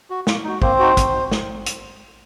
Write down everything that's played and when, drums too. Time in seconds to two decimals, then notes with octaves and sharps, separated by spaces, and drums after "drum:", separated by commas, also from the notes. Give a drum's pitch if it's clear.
0.10 F#4
0.27 A#3, drum: snare
0.44 D#4 F#4
0.62 A#3 C4 C5, drum: kick
0.79 D#4 F#4
0.97 C4, drum: kick, hi-hat
1.31 drum: snare
1.66 drum: hi-hat